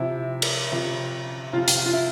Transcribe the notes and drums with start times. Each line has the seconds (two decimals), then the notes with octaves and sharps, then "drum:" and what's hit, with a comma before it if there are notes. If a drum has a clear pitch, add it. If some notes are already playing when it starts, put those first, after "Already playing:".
Already playing: C3 F3 E4
0.42 drum: cymbal
0.72 C3 F3
1.53 C3 F3 F4
1.68 drum: hi-hat
1.86 F4
1.93 E4